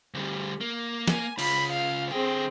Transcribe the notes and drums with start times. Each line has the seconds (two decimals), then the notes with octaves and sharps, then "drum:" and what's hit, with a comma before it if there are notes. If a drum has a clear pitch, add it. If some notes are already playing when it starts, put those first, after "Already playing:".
0.14 D2 G3
0.61 A#3
1.07 G#5, drum: snare
1.39 C#3 F4 B5, drum: cymbal
1.73 F5
2.11 D3 C4 G#4 G5